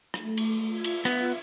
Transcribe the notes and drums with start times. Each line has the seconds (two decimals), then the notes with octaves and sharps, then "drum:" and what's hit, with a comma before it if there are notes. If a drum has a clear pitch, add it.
0.14 A3, drum: rim click
0.37 drum: cymbal
0.68 F4 E5 G#6
0.84 drum: cymbal
1.05 B3, drum: rim click